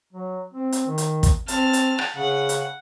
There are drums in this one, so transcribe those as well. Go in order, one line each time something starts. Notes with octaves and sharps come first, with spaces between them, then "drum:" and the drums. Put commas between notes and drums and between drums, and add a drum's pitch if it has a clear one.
F#3
C4
drum: hi-hat
D#3
drum: hi-hat
drum: kick, hi-hat
C4 A5 F6, drum: hi-hat
drum: hi-hat
drum: rim click
C#3 F#5
drum: hi-hat